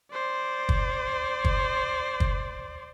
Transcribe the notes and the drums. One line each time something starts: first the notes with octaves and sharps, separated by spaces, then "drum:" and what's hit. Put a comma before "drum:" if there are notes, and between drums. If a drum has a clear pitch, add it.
C5 D5
drum: kick
drum: kick
drum: kick